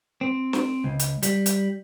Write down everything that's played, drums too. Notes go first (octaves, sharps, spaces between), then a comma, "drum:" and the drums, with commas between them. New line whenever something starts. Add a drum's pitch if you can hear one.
C4
drum: snare
C#2
drum: hi-hat
G3, drum: hi-hat
drum: hi-hat